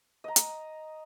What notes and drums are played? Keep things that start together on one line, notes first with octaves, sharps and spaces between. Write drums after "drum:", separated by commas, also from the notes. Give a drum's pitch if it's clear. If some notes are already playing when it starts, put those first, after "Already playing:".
D#5 A#5
drum: hi-hat